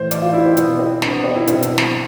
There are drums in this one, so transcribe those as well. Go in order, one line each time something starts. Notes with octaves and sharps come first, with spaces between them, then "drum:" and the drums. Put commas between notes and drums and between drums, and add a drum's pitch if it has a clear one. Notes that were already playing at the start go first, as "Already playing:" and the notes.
Already playing: A2 E3 C5
D5, drum: hi-hat
F4
E4
C4
B2 B3, drum: hi-hat
C4
D4, drum: snare
B3
C4
E4
B2 C4, drum: hi-hat
drum: hi-hat
drum: snare